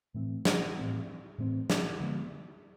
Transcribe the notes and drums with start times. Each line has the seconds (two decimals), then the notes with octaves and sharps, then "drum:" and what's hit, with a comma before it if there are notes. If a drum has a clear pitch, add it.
0.14 A2 E3 A3 C4
0.45 drum: snare
0.77 A2 E3 A3 C4
1.38 A2 E3 A3 C4
1.70 drum: snare
2.00 D3 F3 G#3 B3